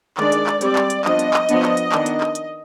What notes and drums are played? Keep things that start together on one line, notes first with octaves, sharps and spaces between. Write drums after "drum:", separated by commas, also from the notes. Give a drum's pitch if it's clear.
D#3 G#3 D4 D5, drum: clap
drum: hi-hat
drum: clap
G3 C4 D5, drum: hi-hat
drum: clap
drum: hi-hat
F3 B3 D4 D#5, drum: clap
drum: hi-hat
drum: clap
F3 B3 D4, drum: hi-hat
drum: clap
drum: hi-hat
D#3 B3 D4, drum: clap
drum: hi-hat
drum: clap
drum: hi-hat